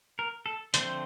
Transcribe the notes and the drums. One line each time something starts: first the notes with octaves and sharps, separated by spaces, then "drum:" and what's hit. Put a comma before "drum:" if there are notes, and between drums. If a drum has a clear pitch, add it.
A#4
A4
D3 F3 A3 C4 C5, drum: hi-hat